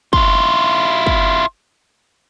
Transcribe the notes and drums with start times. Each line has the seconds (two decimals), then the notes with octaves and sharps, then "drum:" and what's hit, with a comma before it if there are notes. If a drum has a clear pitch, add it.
0.13 E4 F4, drum: kick
1.06 drum: kick